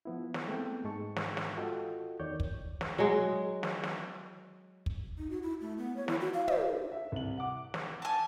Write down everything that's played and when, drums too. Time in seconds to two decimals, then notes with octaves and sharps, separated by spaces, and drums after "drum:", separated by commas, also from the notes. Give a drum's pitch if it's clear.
0.05 F3 B3 E4
0.34 drum: snare
0.48 G#3 A3 B3 C4 G5
0.84 G#2 G#3 A5 C#6
1.16 drum: snare
1.37 drum: snare
1.57 F4 F#4 A4 D#5 G5
2.20 E2 D#3 C#5 D5 G6
2.40 drum: kick
2.81 drum: snare
2.98 F#3 G#3
3.63 drum: snare
3.84 drum: snare
4.86 drum: kick
5.18 D#4
5.30 F#4
5.43 E4
5.61 A3
5.78 B3
5.97 C#5
6.08 E4, drum: snare
6.21 F#4
6.34 F5
6.48 C5, drum: tom
6.92 E5
7.12 C2 F#7
7.38 F#5 D6
7.74 drum: snare
8.02 G#5 A5